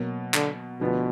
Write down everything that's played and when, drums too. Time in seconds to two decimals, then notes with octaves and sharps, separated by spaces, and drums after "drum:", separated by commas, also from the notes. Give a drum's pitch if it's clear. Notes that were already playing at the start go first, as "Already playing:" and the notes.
Already playing: B2 F#3 A#3
0.34 D3, drum: clap
0.80 D2 B2 D3 F3 B3 D4